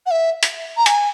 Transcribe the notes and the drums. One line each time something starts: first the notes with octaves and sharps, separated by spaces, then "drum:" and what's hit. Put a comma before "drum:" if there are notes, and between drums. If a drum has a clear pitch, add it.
F#5
E5
drum: hi-hat
A#5
G#5, drum: hi-hat